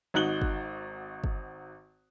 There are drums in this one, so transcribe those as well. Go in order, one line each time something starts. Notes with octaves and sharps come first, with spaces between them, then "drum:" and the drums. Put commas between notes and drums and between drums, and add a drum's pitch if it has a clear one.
G#1 D#4 F#4 F#6 F#7 G7
drum: kick G1
drum: kick G1